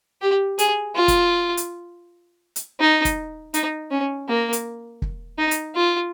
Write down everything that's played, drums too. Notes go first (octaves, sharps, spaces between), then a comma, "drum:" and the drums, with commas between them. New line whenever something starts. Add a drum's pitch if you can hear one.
G4
G#4, drum: hi-hat
F4
drum: kick, hi-hat
drum: hi-hat
drum: hi-hat
D#4
drum: kick, hi-hat
D#4, drum: hi-hat
C#4
A#3
drum: hi-hat
drum: kick
D#4
drum: hi-hat
F4